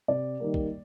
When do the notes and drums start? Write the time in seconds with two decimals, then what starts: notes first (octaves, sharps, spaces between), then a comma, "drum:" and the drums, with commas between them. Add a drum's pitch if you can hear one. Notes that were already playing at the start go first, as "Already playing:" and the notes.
0.08 C3 D5
0.40 D#3 G3 A#3
0.54 drum: kick